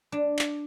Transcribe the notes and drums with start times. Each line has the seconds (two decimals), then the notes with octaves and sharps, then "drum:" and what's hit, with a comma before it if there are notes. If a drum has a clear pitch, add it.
0.12 D4
0.39 drum: clap